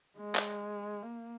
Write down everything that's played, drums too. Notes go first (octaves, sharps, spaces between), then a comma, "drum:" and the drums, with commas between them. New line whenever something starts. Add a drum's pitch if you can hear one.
G#3
drum: clap
A#3